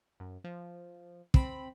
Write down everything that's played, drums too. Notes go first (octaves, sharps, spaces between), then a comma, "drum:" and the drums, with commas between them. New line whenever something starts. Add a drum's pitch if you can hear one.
F#2
F3
C4 B5, drum: kick